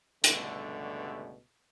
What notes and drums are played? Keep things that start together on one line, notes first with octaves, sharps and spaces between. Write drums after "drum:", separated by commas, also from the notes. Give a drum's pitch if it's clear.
C#2 G2 B2 D3 G3 A3, drum: hi-hat